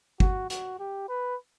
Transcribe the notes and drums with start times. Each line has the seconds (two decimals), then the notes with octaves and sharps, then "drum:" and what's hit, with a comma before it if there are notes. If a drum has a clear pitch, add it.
0.20 F#4, drum: kick
0.50 F#4, drum: hi-hat
0.79 G4
1.09 B4